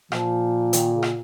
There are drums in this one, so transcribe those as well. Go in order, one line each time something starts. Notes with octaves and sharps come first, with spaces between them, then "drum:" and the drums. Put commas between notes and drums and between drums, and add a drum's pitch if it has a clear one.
A#2 F3, drum: rim click
D#3, drum: hi-hat
C#3
drum: rim click